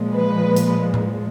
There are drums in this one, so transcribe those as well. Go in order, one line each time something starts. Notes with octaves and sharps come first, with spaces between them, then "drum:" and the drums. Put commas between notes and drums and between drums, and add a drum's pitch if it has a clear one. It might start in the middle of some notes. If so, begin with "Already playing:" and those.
Already playing: A#2 F3 G#3
B4
drum: hi-hat
drum: tom A2